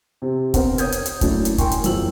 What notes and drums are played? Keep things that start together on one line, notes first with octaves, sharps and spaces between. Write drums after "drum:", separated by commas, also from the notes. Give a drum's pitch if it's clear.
C3
B3 C4 D4 A#4 C5 F#5, drum: kick, hi-hat
C#5 D#6 G6 G#6, drum: hi-hat
drum: hi-hat
drum: hi-hat
F#3 A3 A#3 C#4 D4 E4, drum: kick, hi-hat
drum: hi-hat
A#4 G5 G#5 C6 C#6, drum: kick, hi-hat
drum: hi-hat
F#1 E2 F3 F#3 E6 F#7, drum: hi-hat